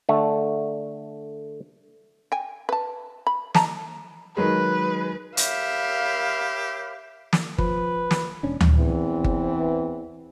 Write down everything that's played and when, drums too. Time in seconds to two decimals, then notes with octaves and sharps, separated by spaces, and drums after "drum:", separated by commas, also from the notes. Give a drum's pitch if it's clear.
0.09 D3 A3
2.32 G5 G#5
2.69 B4 A5
3.27 B5
3.55 D#5 A5 A#5, drum: snare
4.37 D#3 F#3 G#3 B4
5.37 G4 A#4 C#5 E5 F5 B5, drum: hi-hat
7.33 drum: snare
7.58 F3 B4, drum: kick G1
8.11 drum: snare
8.43 E1 C#4 D4
8.61 drum: tom D2
8.76 E2 E3 C4
9.24 drum: kick G1